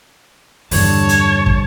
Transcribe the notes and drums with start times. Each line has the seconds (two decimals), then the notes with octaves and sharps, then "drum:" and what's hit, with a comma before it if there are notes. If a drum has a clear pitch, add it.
0.71 E2 G2 D3 C#5 A5, drum: open hi-hat
1.09 drum: hi-hat
1.46 drum: kick